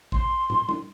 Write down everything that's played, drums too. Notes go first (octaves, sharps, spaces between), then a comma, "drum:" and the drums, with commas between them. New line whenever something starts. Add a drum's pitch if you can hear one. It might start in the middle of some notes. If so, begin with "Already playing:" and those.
C6, drum: kick A1
drum: tom
drum: tom